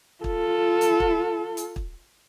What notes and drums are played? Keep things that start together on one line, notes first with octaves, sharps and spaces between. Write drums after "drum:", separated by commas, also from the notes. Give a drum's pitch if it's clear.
F4 A4, drum: kick
drum: hi-hat
drum: kick
drum: hi-hat
drum: kick